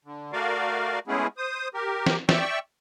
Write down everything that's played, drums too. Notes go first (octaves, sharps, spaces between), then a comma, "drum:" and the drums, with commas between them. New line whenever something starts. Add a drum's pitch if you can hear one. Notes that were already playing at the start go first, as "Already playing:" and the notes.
D3
A3 F#4 A#4 D5 F5
G#3 A3 B3 C#4 E4 G#4
C5 D#6
G4 A#4
drum: snare
D5 E5 G5 C#6 E6, drum: snare